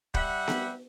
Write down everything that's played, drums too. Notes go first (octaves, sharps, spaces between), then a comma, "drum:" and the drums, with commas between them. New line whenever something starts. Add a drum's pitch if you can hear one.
G3 E5 F#5, drum: kick
drum: snare B3